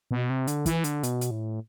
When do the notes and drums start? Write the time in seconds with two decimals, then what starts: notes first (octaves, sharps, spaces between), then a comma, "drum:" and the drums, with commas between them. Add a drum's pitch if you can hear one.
0.11 B2
0.30 C3
0.47 D3, drum: hi-hat
0.66 E3, drum: kick, hi-hat
0.84 D3, drum: hi-hat
1.03 B2, drum: hi-hat
1.21 drum: hi-hat
1.31 A2